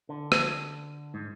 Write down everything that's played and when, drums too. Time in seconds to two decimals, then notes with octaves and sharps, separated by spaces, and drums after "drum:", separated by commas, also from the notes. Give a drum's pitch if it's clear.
0.09 D3
0.32 drum: rim click
1.14 G#2